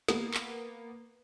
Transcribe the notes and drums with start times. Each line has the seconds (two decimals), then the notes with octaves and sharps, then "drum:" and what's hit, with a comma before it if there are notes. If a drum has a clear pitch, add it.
0.08 A#3 B3, drum: snare
0.34 drum: clap